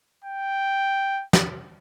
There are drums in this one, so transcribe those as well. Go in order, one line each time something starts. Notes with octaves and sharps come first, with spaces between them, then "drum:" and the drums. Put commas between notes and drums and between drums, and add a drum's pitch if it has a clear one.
G5
drum: snare